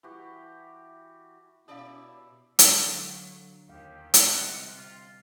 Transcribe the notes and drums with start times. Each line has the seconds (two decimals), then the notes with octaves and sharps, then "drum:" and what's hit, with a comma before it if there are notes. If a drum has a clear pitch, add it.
0.03 E3 F#4 G4
1.68 B2 C#4 E4 G4 D5 F5 D#6
2.59 D3 F#3 F5, drum: hi-hat
3.69 D#2 G4 F5
4.14 C3 G3 G4 D#5 F#5, drum: hi-hat
4.76 F4